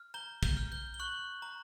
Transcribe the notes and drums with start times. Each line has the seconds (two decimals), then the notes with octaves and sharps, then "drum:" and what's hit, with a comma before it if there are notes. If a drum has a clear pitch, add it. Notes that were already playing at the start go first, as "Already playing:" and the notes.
Already playing: F6
0.14 A#5 G6 G7
0.43 G6 G7, drum: kick
0.57 F6
0.72 G6 G7
0.94 G7
1.00 C#6 F#6 F#7
1.42 A#5